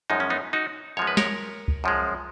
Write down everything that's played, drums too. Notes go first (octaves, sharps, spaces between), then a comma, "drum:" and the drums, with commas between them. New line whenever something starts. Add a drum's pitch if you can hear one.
F#2 F3 G#3 D#4
C#4
B3 D#4
D#4 F#4
F#2 F3 G#3 C#5
B4
A#4 C#5, drum: snare
drum: kick C2
F#2 F3 G#3